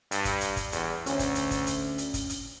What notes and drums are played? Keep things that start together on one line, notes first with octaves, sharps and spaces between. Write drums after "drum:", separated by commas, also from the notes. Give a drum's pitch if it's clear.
G2, drum: hi-hat
drum: kick, hi-hat
drum: hi-hat
drum: kick, hi-hat
E2, drum: hi-hat
D2 C#4, drum: hi-hat
drum: kick, hi-hat
drum: hi-hat
drum: kick, hi-hat
drum: hi-hat
drum: hi-hat
drum: kick, hi-hat
drum: hi-hat